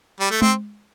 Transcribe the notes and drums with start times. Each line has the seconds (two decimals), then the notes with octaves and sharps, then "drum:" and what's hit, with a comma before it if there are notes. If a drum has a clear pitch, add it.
0.20 G3
0.31 A3
0.42 C4, drum: tom G#3